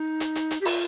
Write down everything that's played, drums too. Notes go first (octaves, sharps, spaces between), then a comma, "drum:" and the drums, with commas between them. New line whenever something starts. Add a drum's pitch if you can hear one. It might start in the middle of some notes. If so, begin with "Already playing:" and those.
Already playing: D#4
drum: hi-hat
drum: hi-hat
drum: hi-hat
G4
F4, drum: open hi-hat